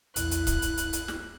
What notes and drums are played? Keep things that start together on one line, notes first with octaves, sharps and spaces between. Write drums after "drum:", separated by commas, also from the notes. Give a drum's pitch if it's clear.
A#1 E2 E4 F#6, drum: hi-hat
drum: hi-hat
drum: kick C#1, hi-hat
drum: hi-hat
drum: hi-hat
drum: hi-hat
drum: snare